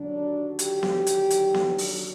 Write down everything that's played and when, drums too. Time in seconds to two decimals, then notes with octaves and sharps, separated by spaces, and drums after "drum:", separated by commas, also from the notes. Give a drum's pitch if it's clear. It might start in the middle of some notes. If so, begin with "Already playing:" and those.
Already playing: D#2 D3 F#3 D4
0.59 G4, drum: hi-hat
0.83 drum: snare B3
1.07 drum: hi-hat
1.30 drum: hi-hat
1.54 drum: snare B3
1.78 drum: open hi-hat